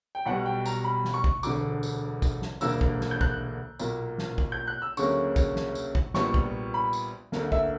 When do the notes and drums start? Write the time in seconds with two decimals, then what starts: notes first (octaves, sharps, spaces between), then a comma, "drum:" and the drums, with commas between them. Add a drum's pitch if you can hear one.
0.15 G5
0.26 B1 B2 G3 F#5
0.46 G5
0.66 A#5, drum: tambourine
0.84 B5
1.04 drum: snare
1.14 C#6
1.24 drum: kick
1.43 E1 D2 D3 D6, drum: tambourine
1.83 drum: tambourine
2.22 drum: kick, tambourine
2.42 drum: snare
2.61 E1 D2 D3 A#3 E6, drum: tambourine
2.81 drum: kick
3.01 drum: snare
3.11 G6
3.21 F#6, drum: kick
3.79 B1 A#2 A#3, drum: tambourine
4.18 drum: snare
4.38 drum: kick
4.52 G6
4.67 F#6
4.82 E6
4.97 D2 C#3 F#3 A#3 C#6, drum: tambourine
5.36 drum: kick, tambourine
5.56 drum: snare
5.75 drum: tambourine
5.95 drum: kick
6.14 A#1 A#2 G3 B3 C#6, drum: snare
6.34 drum: kick
6.74 B5
6.93 drum: tambourine
7.32 D2 D3 A#3, drum: snare
7.52 E5, drum: kick